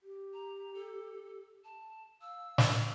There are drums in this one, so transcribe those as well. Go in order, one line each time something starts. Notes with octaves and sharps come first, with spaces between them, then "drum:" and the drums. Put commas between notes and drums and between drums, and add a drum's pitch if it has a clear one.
G4
A#5
A4
A5
F5 E6
drum: snare